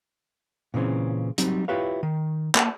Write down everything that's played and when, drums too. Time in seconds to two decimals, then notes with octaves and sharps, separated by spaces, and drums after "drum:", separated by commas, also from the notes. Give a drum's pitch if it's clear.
0.74 A#2 C#3 E3 C4 C#4
1.38 F#3 G3 C4 D#4, drum: hi-hat
1.68 E4 F4 G4 B4 C#5 F5
2.03 D#3
2.55 A#3 A5, drum: clap